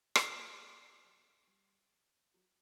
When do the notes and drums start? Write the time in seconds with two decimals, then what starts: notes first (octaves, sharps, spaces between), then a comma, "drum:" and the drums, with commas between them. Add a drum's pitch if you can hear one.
0.15 E3, drum: rim click
1.04 F#3
1.47 G3
2.34 F#3